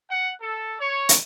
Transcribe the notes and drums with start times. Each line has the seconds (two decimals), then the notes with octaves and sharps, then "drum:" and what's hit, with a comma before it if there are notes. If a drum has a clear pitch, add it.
0.11 F#5
0.41 A4
0.80 C#5
1.09 drum: hi-hat